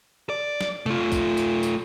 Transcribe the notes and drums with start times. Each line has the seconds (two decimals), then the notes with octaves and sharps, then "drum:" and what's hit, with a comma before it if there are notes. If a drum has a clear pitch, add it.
0.30 D5
0.61 drum: snare
0.86 A3 F4, drum: tom C3
1.12 drum: kick, tambourine
1.37 drum: tambourine
1.63 drum: tambourine